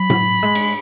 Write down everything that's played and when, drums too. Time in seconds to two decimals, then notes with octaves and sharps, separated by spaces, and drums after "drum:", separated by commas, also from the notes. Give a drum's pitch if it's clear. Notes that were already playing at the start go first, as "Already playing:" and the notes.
Already playing: F#3 B5
0.10 drum: tom A2
0.43 G#3
0.55 drum: cymbal